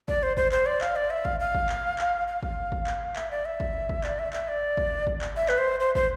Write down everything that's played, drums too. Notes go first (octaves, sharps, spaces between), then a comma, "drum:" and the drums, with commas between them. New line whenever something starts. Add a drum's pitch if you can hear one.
D5, drum: kick
C5
C5, drum: kick
C5, drum: clap
D5
F5, drum: clap
D5
E5
F5, drum: kick
F5
drum: kick
drum: clap
drum: clap
F5
drum: kick
drum: kick
drum: clap
E5, drum: clap
D5
E5
drum: kick
drum: kick
D5, drum: clap
E5
E5, drum: clap
D5
drum: kick
drum: kick
drum: clap
E5
B4, drum: clap
C5
C5
C5, drum: kick